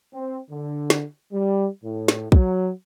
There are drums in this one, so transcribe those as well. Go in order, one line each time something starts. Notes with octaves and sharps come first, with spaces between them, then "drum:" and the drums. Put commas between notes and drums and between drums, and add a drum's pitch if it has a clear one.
C4
D3
drum: snare
G3
A2
drum: snare
F#3, drum: kick